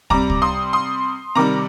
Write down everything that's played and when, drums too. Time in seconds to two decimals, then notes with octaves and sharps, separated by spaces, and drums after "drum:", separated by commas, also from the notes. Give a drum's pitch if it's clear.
0.10 C3 G3 A#5 D6, drum: kick
0.30 drum: kick
0.42 C6 D#6
0.73 C6 D#6
1.35 C3 D#3 G3 A#5 D6